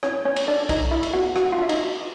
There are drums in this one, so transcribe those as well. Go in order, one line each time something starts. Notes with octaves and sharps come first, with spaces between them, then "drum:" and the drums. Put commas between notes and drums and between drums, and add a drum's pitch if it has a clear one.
C#4 E4 C#5, drum: rim click
B3 C#4 C#5
drum: cymbal
D4 A4 D5
D#4 A4 D#5, drum: kick, cymbal
E4 A4 E5
drum: cymbal
B3 F#4 F#5
D4 F#4 F#5, drum: rim click
F4 F5
D4 E5
D#4 D#5, drum: cymbal
F#4